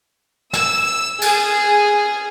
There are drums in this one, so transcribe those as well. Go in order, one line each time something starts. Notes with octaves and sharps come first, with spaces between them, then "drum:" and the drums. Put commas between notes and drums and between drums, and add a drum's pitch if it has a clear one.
E6, drum: snare
G#4, drum: cymbal